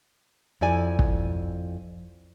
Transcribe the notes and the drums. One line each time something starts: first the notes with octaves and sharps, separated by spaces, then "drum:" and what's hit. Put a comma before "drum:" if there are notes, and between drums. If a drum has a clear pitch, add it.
F2 E4 D5 G#5
drum: kick